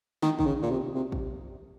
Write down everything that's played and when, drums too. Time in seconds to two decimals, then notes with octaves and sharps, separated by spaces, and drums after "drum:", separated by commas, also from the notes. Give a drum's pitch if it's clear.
0.22 D#3, drum: snare
0.39 D#3, drum: kick
0.46 C#3
0.62 A#2
0.70 C3
0.95 C3
1.12 drum: kick